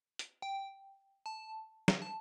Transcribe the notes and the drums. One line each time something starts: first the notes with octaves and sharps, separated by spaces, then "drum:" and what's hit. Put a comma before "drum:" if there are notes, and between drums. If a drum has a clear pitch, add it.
drum: hi-hat
G5
A5
drum: snare
A5